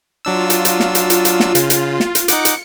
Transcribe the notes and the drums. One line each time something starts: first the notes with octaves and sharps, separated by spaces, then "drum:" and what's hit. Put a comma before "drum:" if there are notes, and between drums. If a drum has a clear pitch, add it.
F#3 D4 F4 E6
drum: hi-hat
drum: hi-hat
drum: snare
drum: hi-hat
drum: hi-hat
drum: hi-hat
drum: snare
C#3, drum: hi-hat
drum: hi-hat
drum: snare
drum: hi-hat
D#4 F#5 D6 C#7, drum: hi-hat
drum: hi-hat